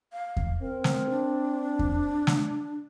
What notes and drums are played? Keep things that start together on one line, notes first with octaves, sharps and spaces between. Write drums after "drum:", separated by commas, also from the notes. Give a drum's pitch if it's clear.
F5
drum: kick E2
C4 A#4
drum: snare
D4
drum: kick E2
drum: snare